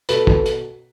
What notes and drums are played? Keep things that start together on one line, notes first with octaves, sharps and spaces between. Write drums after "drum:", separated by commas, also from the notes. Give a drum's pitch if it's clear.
B2 A4 B4, drum: hi-hat
B2, drum: kick
drum: hi-hat